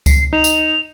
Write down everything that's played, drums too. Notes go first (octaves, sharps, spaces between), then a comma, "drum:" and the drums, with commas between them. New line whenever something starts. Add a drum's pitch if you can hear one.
C7, drum: kick C#2, tambourine
D#4 F7
drum: tambourine